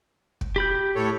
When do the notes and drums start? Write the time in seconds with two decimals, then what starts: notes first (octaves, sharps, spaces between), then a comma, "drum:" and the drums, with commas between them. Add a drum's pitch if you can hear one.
0.41 drum: kick
0.56 G4 B5 G6
0.96 A2 A4 C#5